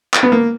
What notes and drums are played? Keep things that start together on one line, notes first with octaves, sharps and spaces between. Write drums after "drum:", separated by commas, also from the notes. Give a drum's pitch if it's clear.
drum: clap
B3
A#3